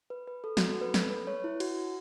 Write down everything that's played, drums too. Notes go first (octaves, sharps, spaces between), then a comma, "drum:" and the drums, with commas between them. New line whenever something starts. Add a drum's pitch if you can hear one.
B4
B4
A4
F#4, drum: snare
A4
B4
A4, drum: snare
B4
C#5
E4
F#4, drum: cymbal